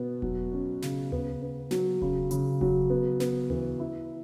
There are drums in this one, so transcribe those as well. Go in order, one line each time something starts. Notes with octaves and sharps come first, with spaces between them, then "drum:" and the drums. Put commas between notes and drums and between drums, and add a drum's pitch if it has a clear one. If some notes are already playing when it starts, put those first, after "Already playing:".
Already playing: B2 B3
F#3, drum: kick E1
C#4
C#3, drum: snare
B3, drum: tom D2
B3
F#3, drum: snare
C#3, drum: kick E1
C#3, drum: hi-hat
F#3, drum: kick E1
B3
B3, drum: snare
E3, drum: tom D2
E4